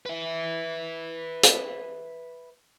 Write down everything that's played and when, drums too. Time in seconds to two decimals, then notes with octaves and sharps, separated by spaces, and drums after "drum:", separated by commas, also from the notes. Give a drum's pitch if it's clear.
0.06 B4 E5
1.43 drum: hi-hat